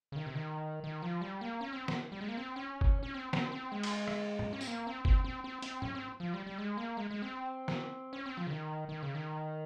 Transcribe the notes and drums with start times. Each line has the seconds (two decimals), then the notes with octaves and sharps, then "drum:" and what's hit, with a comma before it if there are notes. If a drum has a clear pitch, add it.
0.12 C#3
0.16 D#3
0.26 C3
0.35 D#3
0.84 D#3
1.02 F3
1.22 G3
1.41 A#3
1.61 C#4
1.73 C4
1.88 drum: snare
2.12 G3
2.21 G#3
2.29 A#3
2.37 C4
2.56 C#4
2.81 drum: kick
3.03 C#4
3.14 C4
3.33 C4, drum: snare
3.52 C4
3.72 G#3
3.83 drum: cymbal
4.08 drum: rim click
4.39 drum: tom G#2
4.53 C#4
4.61 C4, drum: tambourine
4.67 A#3
4.87 C4
5.05 C4, drum: kick
5.24 C4
5.44 C4
5.62 C4, drum: hi-hat
5.82 C#4, drum: tom G#2
5.95 C4
6.20 F3
6.34 G3
6.47 G3
6.58 G#3
6.78 A#3
6.97 G#3
7.11 G#3
7.22 C4
7.68 drum: snare
8.13 C#4
8.26 C4
8.37 F3
8.47 C#3
8.51 D#3
8.89 D#3
9.02 C#3
9.15 D#3